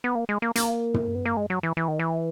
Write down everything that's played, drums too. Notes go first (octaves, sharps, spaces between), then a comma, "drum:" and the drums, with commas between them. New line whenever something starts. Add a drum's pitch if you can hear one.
B3
A#3
G#3
A#3
A#3, drum: hi-hat
drum: tom
B3
A#3
G#3
F#3
E3
E3
D#3
E3